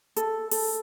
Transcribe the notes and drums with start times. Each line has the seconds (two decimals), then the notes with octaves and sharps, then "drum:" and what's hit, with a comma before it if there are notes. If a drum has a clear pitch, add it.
0.16 A4, drum: hi-hat
0.51 A4, drum: open hi-hat